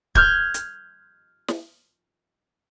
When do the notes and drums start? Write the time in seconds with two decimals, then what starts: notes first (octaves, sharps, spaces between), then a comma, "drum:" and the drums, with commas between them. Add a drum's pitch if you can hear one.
0.15 F6 G6 G#6, drum: kick D1
0.54 drum: hi-hat
1.48 drum: snare